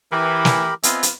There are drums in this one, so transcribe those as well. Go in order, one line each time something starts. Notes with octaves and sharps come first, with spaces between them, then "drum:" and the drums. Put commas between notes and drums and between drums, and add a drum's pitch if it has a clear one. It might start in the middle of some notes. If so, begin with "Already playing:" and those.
E3 G4 A#4 B5
drum: snare
B3 C4 F4 D#5 E5 G#5, drum: hi-hat
drum: hi-hat